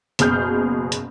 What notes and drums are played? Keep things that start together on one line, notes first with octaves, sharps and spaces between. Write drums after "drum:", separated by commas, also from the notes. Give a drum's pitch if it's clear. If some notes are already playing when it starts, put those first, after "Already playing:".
F#1 B2 G#4 F6 G6, drum: hi-hat
drum: hi-hat